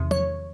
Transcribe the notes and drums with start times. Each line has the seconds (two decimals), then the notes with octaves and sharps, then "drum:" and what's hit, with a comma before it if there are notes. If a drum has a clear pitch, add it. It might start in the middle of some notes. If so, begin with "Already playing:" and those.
Already playing: E2 C3 D#3
0.11 C#5, drum: tom